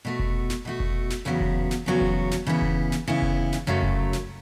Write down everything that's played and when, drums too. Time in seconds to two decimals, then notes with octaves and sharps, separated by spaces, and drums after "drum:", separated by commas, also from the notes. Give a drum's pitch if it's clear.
0.05 B2 A3 F#4
0.19 drum: kick F1
0.50 drum: snare
0.65 B2 A3 F#4
0.80 drum: kick F1
1.10 drum: snare
1.25 E2 C#3 F#3 B3 F#4
1.41 drum: kick F1
1.71 drum: snare
1.86 E2 C#3 F#3 B3 F#4
2.01 drum: kick F1
2.31 drum: snare
2.47 C#3 E3 B3 E4
2.62 drum: kick F1
2.92 drum: snare
3.08 C#3 E3 B3 E4
3.22 drum: kick F1
3.52 drum: snare
3.67 F#2 C#3 F#3 A3
3.83 drum: kick F1
4.13 drum: snare